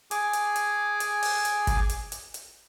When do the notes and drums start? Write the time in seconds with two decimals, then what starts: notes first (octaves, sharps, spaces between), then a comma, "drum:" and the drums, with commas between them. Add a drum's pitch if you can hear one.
0.11 G#4 G#5 D6, drum: hi-hat
0.33 drum: hi-hat
0.56 drum: hi-hat
1.00 drum: hi-hat
1.23 drum: open hi-hat
1.45 drum: hi-hat
1.67 drum: kick G#1, hi-hat
1.89 drum: hi-hat
2.12 drum: hi-hat
2.34 drum: hi-hat